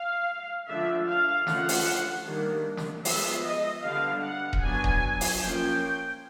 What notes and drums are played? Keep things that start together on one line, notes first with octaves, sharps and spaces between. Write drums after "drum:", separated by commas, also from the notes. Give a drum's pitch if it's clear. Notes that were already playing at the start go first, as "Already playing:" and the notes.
Already playing: F5
D3 F3 A3 D4 E5
F5
D3 F3 A3 C#4 F#5, drum: snare
drum: open hi-hat
D#3 G3 A#3 D4
drum: snare
F3 G#3 B3 E5, drum: open hi-hat
D#5
D3 G3 B3 D4 F5
F#5
drum: kick D#1
F#3 B3 D4 G#5
drum: kick D#1
drum: open hi-hat
F3 A#3 C#4 G5